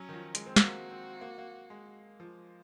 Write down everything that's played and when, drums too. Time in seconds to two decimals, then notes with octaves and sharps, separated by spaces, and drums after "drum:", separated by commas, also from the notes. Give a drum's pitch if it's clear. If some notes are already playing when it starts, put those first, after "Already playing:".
Already playing: F#3 C#4
0.09 D#3
0.13 F3
0.35 G#3, drum: hi-hat
0.46 C4
0.56 A#3 F#4, drum: snare
0.90 C4
1.21 A#3
1.38 A#3
1.70 G#3
2.20 F3